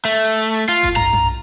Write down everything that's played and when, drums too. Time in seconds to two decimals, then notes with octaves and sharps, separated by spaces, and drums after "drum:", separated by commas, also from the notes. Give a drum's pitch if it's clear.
0.05 A3
0.24 drum: hi-hat
0.54 drum: open hi-hat
0.69 F4, drum: hi-hat
0.83 drum: kick G1, hi-hat
0.96 A#5, drum: tom
1.13 drum: tom